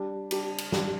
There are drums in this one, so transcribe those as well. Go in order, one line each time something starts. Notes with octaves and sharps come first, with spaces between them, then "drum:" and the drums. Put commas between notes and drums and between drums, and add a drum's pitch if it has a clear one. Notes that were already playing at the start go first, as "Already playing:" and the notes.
Already playing: G3 D4 G4
G3 D4 G4, drum: cymbal
drum: cymbal
G3 D4 G4, drum: snare